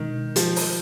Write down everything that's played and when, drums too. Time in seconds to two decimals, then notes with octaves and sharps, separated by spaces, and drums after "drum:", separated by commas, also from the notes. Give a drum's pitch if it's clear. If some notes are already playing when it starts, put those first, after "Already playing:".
Already playing: B2 D#3 G#3 D4
0.36 F3, drum: hi-hat
0.56 drum: open hi-hat